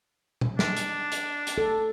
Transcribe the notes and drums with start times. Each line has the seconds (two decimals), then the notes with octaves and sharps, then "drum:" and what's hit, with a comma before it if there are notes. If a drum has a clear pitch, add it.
0.41 drum: tom A#2
0.59 D4, drum: snare
0.77 drum: hi-hat
1.12 drum: hi-hat
1.47 drum: hi-hat
1.58 A4